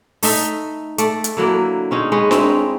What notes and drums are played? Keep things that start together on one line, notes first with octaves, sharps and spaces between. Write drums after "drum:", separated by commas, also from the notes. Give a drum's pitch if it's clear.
A3 D#4 E5, drum: open hi-hat
A3 D5, drum: hi-hat
drum: hi-hat
D3 F#3 A#3 E4
C4 C#4 D#4 G#4
G#3 C#4 B4
C4 C#4 D#4 E4, drum: snare D4